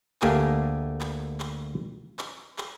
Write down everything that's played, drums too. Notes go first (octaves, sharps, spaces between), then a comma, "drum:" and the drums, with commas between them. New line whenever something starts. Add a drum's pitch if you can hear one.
D2 A3 A#3 G4 G#4 G#5, drum: clap
drum: clap
drum: clap
drum: clap
drum: clap